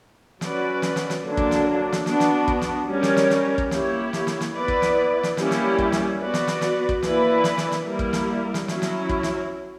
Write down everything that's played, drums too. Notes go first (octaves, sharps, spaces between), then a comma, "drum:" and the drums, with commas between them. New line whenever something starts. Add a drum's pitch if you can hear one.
F#3 C#4 F#4 B4 D5, drum: snare
drum: snare
drum: snare
drum: snare
D3 F#3 A#3 D4
drum: kick
drum: snare
drum: snare
B3 D4 F#4, drum: snare
drum: snare
drum: kick
drum: snare
G3 C#4 G4 A#4 C#5
drum: snare
drum: snare
drum: snare
drum: kick
A#3 E4 G4 C#5, drum: snare
drum: snare
drum: snare
drum: snare
B3 E4 B4 D5
drum: kick
drum: snare
drum: snare
G3 A#3 C#4 E4 G4, drum: snare
drum: snare
drum: kick
drum: snare
B3 F#4 B4 D5
drum: snare
drum: snare
drum: snare
drum: kick
E3 A#3 E4 B4 D5, drum: snare
drum: snare
drum: snare
drum: snare
G3 A#3 E4 A#4
drum: kick
drum: snare
drum: snare
F#3 C#4 E4, drum: snare
drum: snare
drum: kick
drum: snare